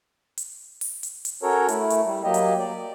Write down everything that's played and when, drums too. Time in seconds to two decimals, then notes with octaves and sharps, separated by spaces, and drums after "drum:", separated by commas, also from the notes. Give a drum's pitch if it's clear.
0.37 drum: hi-hat
0.81 drum: open hi-hat
1.03 drum: hi-hat
1.25 drum: hi-hat
1.43 C#4 F#4 A4 A#4 C#5
1.68 A3 E4, drum: hi-hat
1.90 drum: hi-hat
2.05 G3
2.24 F#3 A#3 G4 D#5
2.34 drum: hi-hat
2.59 D5